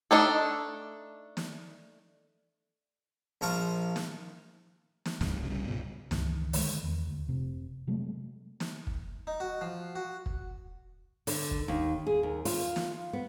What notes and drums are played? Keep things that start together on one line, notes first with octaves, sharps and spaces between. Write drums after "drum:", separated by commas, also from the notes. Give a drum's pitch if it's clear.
A3 C4 D4 D#4 A4
drum: snare
A#1 F3 F4 A5 A#5 C#6
drum: snare
drum: snare
C#2 G2 C#3 G3, drum: snare
F1 C2 G2 C#3
C#2 G#2 B2
C#2 G2 D#3 E3, drum: snare
D3 D#3 G3 G#3, drum: open hi-hat
E2
D2
F1 C3
C3 F#3 G#3 A3
drum: snare
drum: kick
D#4
F#4
F3
F#4
drum: kick
D3, drum: open hi-hat
drum: kick
D#2
G#4
D#2
F4, drum: open hi-hat
drum: snare
B3